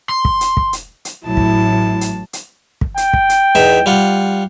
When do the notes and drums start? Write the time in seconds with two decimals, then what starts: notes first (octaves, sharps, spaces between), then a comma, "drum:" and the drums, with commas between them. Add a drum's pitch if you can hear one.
0.09 C6
0.25 drum: kick
0.41 drum: hi-hat
0.57 drum: kick
0.73 drum: hi-hat
1.05 drum: hi-hat
1.26 A1 A2 F#3 E4 A5
1.37 drum: kick
2.01 drum: hi-hat
2.33 drum: hi-hat
2.81 drum: kick
2.97 G5, drum: hi-hat
3.13 drum: kick
3.29 drum: hi-hat
3.55 E2 D#4 E5
3.86 G3 F4 F#5